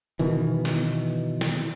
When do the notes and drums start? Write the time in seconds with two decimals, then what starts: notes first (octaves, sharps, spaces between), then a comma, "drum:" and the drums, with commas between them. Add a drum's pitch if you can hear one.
0.19 B2 D#3 E3
0.65 drum: snare
1.41 drum: snare